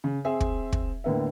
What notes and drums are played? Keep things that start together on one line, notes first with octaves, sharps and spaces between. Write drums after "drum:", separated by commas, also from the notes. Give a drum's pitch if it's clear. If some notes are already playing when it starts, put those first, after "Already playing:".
C#3
C4 G#4 E5
drum: kick
drum: kick
D#2 A2 D3 B3 B4 E5